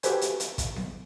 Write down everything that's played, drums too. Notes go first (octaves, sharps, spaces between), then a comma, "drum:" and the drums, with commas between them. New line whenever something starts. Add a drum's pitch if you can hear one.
F#4 G4 A4 B4 C5 G#5, drum: hi-hat
drum: hi-hat
drum: hi-hat
drum: kick, hi-hat
drum: snare B3